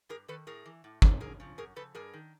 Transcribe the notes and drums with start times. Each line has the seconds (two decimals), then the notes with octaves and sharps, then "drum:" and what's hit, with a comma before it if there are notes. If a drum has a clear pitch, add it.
0.09 G2 G#4 A#4
0.28 D#3 A4 B4
0.47 A2 G#4 A#4
0.66 E3
0.84 A2
1.02 E3, drum: kick
1.20 F#2 G#4 A#4
1.40 C#3 F3
1.58 F#2 G#4 A#4
1.76 C#3 F3 A4 B4
1.95 G2 G#4 A#4
2.13 D#3